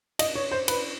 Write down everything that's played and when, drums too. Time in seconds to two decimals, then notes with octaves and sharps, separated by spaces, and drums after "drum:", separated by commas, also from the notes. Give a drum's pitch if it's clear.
0.19 D#5, drum: cymbal
0.35 C#5
0.51 C5
0.68 B4, drum: cymbal